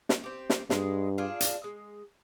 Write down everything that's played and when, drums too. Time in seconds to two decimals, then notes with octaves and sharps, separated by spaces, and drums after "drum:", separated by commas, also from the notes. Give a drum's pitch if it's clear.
0.09 drum: snare
0.24 C4 G4
0.50 drum: snare
0.70 G2 G#3, drum: snare
1.18 D4 F4 G#4
1.40 drum: hi-hat
1.64 G#3